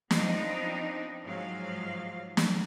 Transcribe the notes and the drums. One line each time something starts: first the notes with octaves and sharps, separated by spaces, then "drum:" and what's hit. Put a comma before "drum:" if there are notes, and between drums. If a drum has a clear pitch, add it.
F3 B3 C4 D4 D#4, drum: snare
G#2 F3 F#3 F5
drum: snare